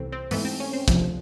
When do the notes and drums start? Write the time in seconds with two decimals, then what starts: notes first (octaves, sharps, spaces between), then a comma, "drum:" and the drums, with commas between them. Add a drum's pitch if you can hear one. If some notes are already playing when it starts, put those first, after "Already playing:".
Already playing: C2 C3 E3 A3 C4
0.12 C4
0.31 G#2 E3 A3 B3, drum: open hi-hat
0.45 C4
0.60 C#4
0.73 C4
0.88 D2 C3 F3, drum: kick, hi-hat